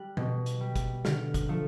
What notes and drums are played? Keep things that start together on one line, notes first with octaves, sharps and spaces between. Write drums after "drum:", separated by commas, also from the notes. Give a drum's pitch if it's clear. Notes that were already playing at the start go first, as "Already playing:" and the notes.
Already playing: G3 F#6
B2, drum: tom
drum: hi-hat
G3
drum: kick, hi-hat
D3 F6, drum: snare
drum: kick, hi-hat
F3 A3